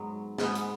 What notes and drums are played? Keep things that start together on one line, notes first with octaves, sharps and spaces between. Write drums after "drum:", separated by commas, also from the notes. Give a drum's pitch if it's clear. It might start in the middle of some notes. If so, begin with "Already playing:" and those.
Already playing: G#2 F#3 B3
G#2 G#3 B3, drum: snare
drum: hi-hat